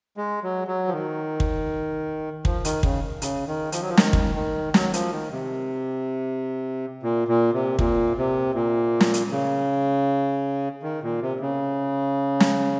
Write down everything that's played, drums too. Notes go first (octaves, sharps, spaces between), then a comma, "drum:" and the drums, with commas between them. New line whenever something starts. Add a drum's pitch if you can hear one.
G#3
F#3
F#3
F3
D#3
drum: kick
F3, drum: kick
D#3, drum: hi-hat
C#3, drum: kick
C#3, drum: hi-hat
D#3
F3, drum: hi-hat
F#3
F3
D#3, drum: snare
drum: kick
D#3
F#3, drum: snare
F3, drum: hi-hat
D#3
C3
A#2
A#2
C3
A#2, drum: kick
C3
A#2
drum: snare
drum: hi-hat
C#3
D#3
A#2
C3
C#3
drum: snare